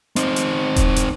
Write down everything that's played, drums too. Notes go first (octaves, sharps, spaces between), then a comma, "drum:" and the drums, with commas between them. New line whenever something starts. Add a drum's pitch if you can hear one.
C4 D#4, drum: hi-hat
drum: hi-hat
drum: kick D#1, hi-hat
drum: hi-hat